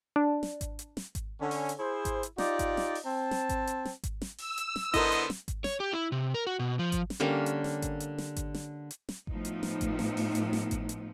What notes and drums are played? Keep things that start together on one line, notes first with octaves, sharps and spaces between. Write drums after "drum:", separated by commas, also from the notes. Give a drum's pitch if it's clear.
D4
drum: snare
drum: kick G#1, hi-hat
drum: hi-hat
drum: snare
drum: kick G#1, hi-hat
D3 C#4
drum: open hi-hat
drum: hi-hat
E4 G#4 C5
drum: kick G#1, hi-hat
drum: hi-hat
D#4 F4 G4 D5, drum: snare
drum: kick G#1, hi-hat
drum: snare
drum: open hi-hat
C4 A5
drum: snare
drum: kick G#1, hi-hat
drum: hi-hat
drum: snare
drum: kick G#1, hi-hat
drum: snare
E6, drum: open hi-hat
drum: hi-hat
drum: snare
D3 B3 E4 A4 A#4 C5 D#5, drum: kick G#1, hi-hat
drum: hi-hat
drum: snare
drum: kick G#1, hi-hat
C#5, drum: snare
G4
E4
C3
A#4
F#4
B2
F3
drum: kick G#1, hi-hat
drum: snare
D3 G3 A#3 C#4
drum: hi-hat
drum: snare
drum: kick G#1, hi-hat
drum: hi-hat
drum: snare
drum: kick G#1, hi-hat
drum: snare
drum: hi-hat
drum: snare
A2 F3 B3 D#4, drum: kick G#1
drum: hi-hat
drum: snare
drum: kick G#1, hi-hat
drum: snare
drum: open hi-hat
drum: hi-hat
drum: snare
drum: kick G#1, hi-hat
drum: hi-hat